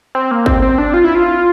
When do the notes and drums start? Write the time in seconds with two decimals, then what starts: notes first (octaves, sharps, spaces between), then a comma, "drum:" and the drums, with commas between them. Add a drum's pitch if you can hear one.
0.15 C4
0.31 A#3
0.46 C4, drum: kick
0.62 C4
0.78 D4
0.94 F4
1.04 E4
1.15 F4